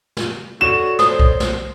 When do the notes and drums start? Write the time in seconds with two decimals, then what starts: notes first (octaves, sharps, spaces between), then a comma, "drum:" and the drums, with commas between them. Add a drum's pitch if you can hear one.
0.17 drum: snare
0.61 F#4 A4 C#5 D5 E7
0.99 C5 D#6, drum: snare
1.19 drum: kick B1
1.40 drum: snare